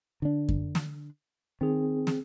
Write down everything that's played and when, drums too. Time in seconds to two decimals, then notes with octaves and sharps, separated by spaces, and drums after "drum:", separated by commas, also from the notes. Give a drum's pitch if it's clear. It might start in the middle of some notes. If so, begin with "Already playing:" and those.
0.22 D3 D4
0.49 drum: kick F#2
0.75 drum: snare
1.61 D#3 C4 G#4
2.07 drum: snare